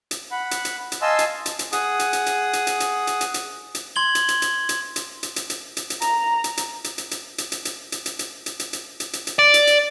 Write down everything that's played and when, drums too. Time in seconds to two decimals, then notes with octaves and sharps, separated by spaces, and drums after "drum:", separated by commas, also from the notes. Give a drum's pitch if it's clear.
0.11 drum: hi-hat
0.31 F#5 B5
0.51 drum: hi-hat
0.65 drum: hi-hat
0.92 drum: hi-hat
1.02 D#5 F5 G#5 A5 C6 E6
1.19 drum: hi-hat
1.46 drum: hi-hat
1.59 drum: hi-hat
1.72 G#4 F#5 D#6, drum: hi-hat
1.99 drum: hi-hat
2.13 drum: hi-hat
2.26 drum: hi-hat
2.53 drum: hi-hat
2.67 drum: hi-hat
2.80 drum: hi-hat
3.07 drum: hi-hat
3.21 drum: hi-hat
3.34 drum: hi-hat
3.75 drum: hi-hat
3.96 C6 G#6 F#7 G7
4.15 drum: hi-hat
4.28 drum: hi-hat
4.42 drum: hi-hat
4.69 drum: hi-hat
4.96 drum: hi-hat
5.23 drum: hi-hat
5.36 drum: hi-hat
5.50 drum: hi-hat
5.77 drum: hi-hat
5.90 drum: hi-hat
6.02 A#5, drum: hi-hat
6.44 drum: hi-hat
6.57 drum: hi-hat
6.84 drum: hi-hat
6.98 drum: hi-hat
7.11 drum: hi-hat
7.38 drum: hi-hat
7.52 drum: hi-hat
7.65 drum: hi-hat
7.92 drum: hi-hat
8.06 drum: hi-hat
8.19 drum: hi-hat
8.46 drum: hi-hat
8.59 drum: hi-hat
8.73 drum: hi-hat
9.00 drum: hi-hat
9.13 drum: hi-hat
9.27 drum: hi-hat
9.39 D5
9.54 drum: hi-hat
9.67 drum: hi-hat